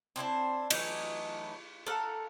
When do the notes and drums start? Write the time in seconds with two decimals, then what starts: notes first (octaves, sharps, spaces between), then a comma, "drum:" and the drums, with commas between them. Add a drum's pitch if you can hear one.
0.16 C4 D4 E4 C5
0.70 E3 F#3 A3 D#4, drum: cymbal
1.86 A4 A#4 F5 F#5